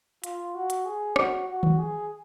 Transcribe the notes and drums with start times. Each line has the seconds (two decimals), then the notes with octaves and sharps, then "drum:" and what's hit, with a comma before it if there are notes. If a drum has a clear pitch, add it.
0.24 F4, drum: hi-hat
0.55 F#4
0.70 drum: hi-hat
0.85 G#4
1.16 F#4, drum: rim click
1.47 F#4
1.63 drum: tom D#3
1.78 G#4